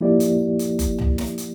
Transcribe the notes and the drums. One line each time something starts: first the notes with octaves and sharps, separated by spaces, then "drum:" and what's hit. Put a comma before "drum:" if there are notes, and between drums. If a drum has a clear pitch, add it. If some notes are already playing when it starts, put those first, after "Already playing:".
F3 A#3 E4 G4 D5
drum: hi-hat
drum: hi-hat
drum: kick F#1, hi-hat
drum: tom
drum: snare
drum: hi-hat